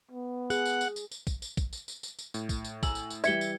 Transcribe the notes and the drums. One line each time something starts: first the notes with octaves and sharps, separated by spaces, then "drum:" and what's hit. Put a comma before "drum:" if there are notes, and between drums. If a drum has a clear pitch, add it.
B3
G#4 F#5, drum: tambourine
drum: tambourine
drum: tambourine
drum: tambourine
drum: tambourine
drum: kick, tambourine
drum: tambourine
drum: kick, tambourine
drum: tambourine
drum: tambourine
drum: tambourine
drum: tambourine
A2, drum: tambourine
drum: kick, tambourine
drum: tambourine
G#5 A#5 E6 F#7, drum: kick, tambourine
drum: tambourine
drum: tambourine
E3 G3 E5 G#6 C#7 G7, drum: tambourine
drum: tambourine